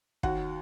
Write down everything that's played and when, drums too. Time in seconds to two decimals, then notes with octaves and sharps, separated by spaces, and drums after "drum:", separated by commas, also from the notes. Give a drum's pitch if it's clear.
0.23 D#2 F#4 F#5, drum: kick